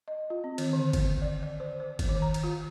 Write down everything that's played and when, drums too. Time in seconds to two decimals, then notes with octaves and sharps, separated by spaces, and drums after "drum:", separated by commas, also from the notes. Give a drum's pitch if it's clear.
0.08 D#5
0.30 F4
0.44 C4
0.58 D#3, drum: cymbal
0.73 D3
0.93 drum: kick, cymbal
1.22 D5
1.43 D5
1.60 C5
1.80 C5
1.99 drum: kick, cymbal
2.09 D#3
2.22 A#5
2.34 drum: cymbal
2.44 F4